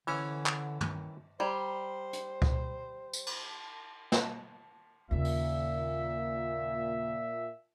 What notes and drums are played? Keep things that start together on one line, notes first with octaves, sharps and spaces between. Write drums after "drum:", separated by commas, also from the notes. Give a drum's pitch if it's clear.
D3 E3 C#4, drum: cymbal
drum: clap
D#3, drum: tom
G3 C5 D5 A#5 B5
drum: hi-hat
drum: kick C#2
drum: tambourine
drum: cymbal
drum: snare
D#2 A#2 C#3 E5
drum: open hi-hat